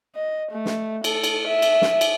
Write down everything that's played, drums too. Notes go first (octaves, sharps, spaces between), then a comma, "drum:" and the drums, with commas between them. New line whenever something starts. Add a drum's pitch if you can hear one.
D#5
A3
drum: snare
A4, drum: cymbal
drum: cymbal
E5
drum: cymbal
drum: snare
drum: cymbal